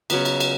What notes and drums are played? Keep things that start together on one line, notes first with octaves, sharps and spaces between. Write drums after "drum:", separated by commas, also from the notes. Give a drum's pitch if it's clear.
C#3 F#3 B3 B4, drum: cymbal
drum: cymbal
drum: cymbal